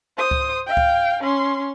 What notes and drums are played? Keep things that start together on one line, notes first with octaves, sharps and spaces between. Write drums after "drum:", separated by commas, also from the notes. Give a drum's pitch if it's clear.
C5 D#6
drum: kick C#2
F5 G5
drum: kick C#2
C#4 C6